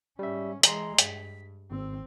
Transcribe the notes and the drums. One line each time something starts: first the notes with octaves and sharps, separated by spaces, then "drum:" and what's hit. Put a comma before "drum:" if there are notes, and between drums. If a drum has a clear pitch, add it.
G#2 G3 C#4 E5
E3 G#3 A#5 C6, drum: hi-hat
G2 B6, drum: hi-hat
G#1 C4